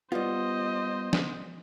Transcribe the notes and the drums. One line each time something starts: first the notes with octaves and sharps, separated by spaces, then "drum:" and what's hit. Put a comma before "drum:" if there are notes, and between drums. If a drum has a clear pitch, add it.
G3 B3 F4 C5 D#5
drum: snare